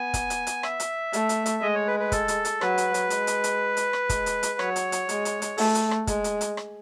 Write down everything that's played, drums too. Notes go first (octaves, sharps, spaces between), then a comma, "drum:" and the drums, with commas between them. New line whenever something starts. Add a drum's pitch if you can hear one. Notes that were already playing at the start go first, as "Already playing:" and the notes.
Already playing: B3 G#5
drum: kick, hi-hat
drum: hi-hat
drum: hi-hat
E5, drum: rim click
drum: hi-hat
A3, drum: hi-hat
drum: hi-hat
drum: hi-hat
G#3 D#5
C#5
B4
B4
A4, drum: kick, hi-hat
drum: hi-hat
drum: hi-hat
F#3 B4, drum: rim click
drum: hi-hat
drum: hi-hat
G#3, drum: hi-hat
drum: hi-hat
drum: hi-hat
drum: hi-hat
drum: rim click
G#3, drum: kick, hi-hat
drum: hi-hat
drum: hi-hat
F#3 C#5, drum: rim click
drum: hi-hat
drum: hi-hat
G#3, drum: hi-hat
drum: hi-hat
drum: hi-hat
A3, drum: open hi-hat
drum: hi-hat
drum: rim click
G#3, drum: kick, hi-hat
drum: hi-hat
drum: hi-hat
drum: rim click